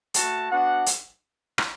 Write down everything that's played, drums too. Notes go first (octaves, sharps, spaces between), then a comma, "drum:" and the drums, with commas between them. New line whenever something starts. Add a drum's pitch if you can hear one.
F#4 A5, drum: hi-hat
A3
B3 D4 F#4 F#5
drum: hi-hat
drum: rim click